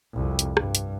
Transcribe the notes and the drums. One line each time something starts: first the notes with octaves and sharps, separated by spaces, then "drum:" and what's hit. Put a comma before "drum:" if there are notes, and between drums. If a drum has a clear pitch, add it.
C2 F2
drum: hi-hat
G2, drum: rim click
drum: hi-hat